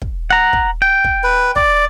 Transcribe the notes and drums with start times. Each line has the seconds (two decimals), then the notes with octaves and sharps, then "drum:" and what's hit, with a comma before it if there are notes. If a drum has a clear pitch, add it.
0.02 drum: kick
0.30 F#5 A#5
0.53 drum: kick
0.82 G5
1.04 drum: kick
1.23 B4
1.56 D5, drum: kick